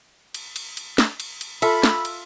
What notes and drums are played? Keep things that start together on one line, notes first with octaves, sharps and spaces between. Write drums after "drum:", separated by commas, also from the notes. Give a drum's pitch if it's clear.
drum: cymbal
drum: cymbal
drum: cymbal
drum: snare
drum: cymbal
drum: cymbal
F4 A4 E5 B5, drum: cymbal
drum: snare
drum: cymbal